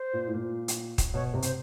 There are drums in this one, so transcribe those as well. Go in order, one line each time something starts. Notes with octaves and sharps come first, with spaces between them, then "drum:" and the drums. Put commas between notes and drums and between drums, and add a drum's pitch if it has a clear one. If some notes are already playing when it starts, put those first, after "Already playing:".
Already playing: C5
A#2
A2
A#2
drum: hi-hat
drum: kick, hi-hat
B2 C#5
C3
C5, drum: hi-hat